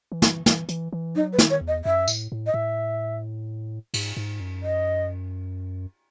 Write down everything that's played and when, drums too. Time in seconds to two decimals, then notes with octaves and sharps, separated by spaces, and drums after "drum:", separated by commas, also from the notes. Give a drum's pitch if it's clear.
0.12 E3
0.22 drum: snare
0.46 E3, drum: snare
0.69 E3, drum: hi-hat
0.93 E3
1.15 F#3 D#4
1.33 B4
1.39 D#3, drum: snare
1.50 C#5
1.61 E2
1.68 D#5
1.85 F#2 E5
2.08 A2, drum: tambourine
2.32 A2
2.46 D#5
2.54 A2 E5
3.94 G#2, drum: cymbal
4.17 G#2
4.40 F#2
4.63 D#5